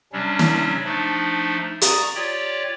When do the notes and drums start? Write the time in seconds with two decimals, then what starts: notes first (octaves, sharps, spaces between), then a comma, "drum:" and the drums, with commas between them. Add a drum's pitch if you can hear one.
0.12 C3 F#3 G3 C#4 D4
0.39 drum: snare
0.85 F3 A3 D4 D#4
1.81 D5 A#5 C#6 D#6, drum: hi-hat
2.15 F4 G4 C#5 D5 G5